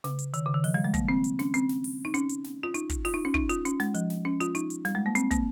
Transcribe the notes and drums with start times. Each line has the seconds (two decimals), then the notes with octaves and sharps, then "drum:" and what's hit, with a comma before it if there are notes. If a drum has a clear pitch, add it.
0.04 C#3, drum: snare
0.19 drum: hi-hat
0.34 D#3, drum: hi-hat
0.46 C#3
0.54 D#3
0.64 F3, drum: open hi-hat
0.74 G3
0.84 G#3
0.94 A#3, drum: kick, hi-hat
1.09 C4
1.24 drum: hi-hat
1.39 C#4, drum: snare
1.54 C4, drum: hi-hat
1.69 drum: snare
1.84 drum: open hi-hat
2.05 D#4
2.14 C#4, drum: hi-hat
2.29 drum: hi-hat
2.44 drum: snare
2.63 F4
2.74 D#4, drum: hi-hat
2.89 drum: kick, hi-hat
3.05 F4, drum: open hi-hat
3.14 D#4
3.25 C#4
3.34 D#4, drum: kick
3.49 F4, drum: hi-hat
3.65 C#4, drum: hi-hat
3.80 G#3, drum: snare
3.94 F3, drum: hi-hat
4.10 drum: snare
4.25 C#4
4.40 F4, drum: hi-hat
4.55 D#4, drum: hi-hat
4.70 drum: hi-hat
4.85 G3, drum: snare
4.95 G#3
5.06 A#3
5.15 C4, drum: hi-hat
5.31 A#3, drum: kick, hi-hat